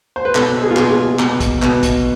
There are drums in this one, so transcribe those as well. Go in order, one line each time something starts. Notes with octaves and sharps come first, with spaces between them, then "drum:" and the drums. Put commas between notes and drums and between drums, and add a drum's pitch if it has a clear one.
C5
B4
B2 A4, drum: clap
G#4
F4
B2 G#4, drum: clap
G#4
B2, drum: clap
drum: kick, hi-hat
B2, drum: clap
drum: kick, hi-hat